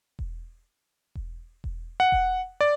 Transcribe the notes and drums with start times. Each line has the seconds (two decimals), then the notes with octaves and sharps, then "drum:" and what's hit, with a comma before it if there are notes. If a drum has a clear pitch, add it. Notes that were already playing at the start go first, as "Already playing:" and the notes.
0.19 drum: kick E1
1.15 drum: kick E1
1.64 drum: kick E1
2.00 F#5
2.12 drum: kick E1
2.61 D5